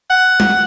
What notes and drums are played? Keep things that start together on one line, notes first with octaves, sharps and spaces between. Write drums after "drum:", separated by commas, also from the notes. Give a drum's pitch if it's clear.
F#5
drum: tom G3